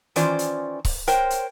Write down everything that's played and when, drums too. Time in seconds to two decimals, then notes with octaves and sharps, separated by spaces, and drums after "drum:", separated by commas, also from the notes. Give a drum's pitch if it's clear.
0.16 D#3 E3 C#4 F4 C5 D5, drum: hi-hat
0.39 drum: hi-hat
0.85 drum: kick C#1, open hi-hat
1.07 A#4 C5 C#5 G5, drum: hi-hat
1.30 drum: hi-hat